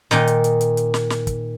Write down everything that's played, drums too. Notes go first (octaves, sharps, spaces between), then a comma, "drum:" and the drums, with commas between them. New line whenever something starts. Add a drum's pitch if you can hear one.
A#2 D#3 D#4, drum: snare
drum: hi-hat
drum: hi-hat
drum: hi-hat
drum: hi-hat
drum: snare
drum: snare
drum: kick, hi-hat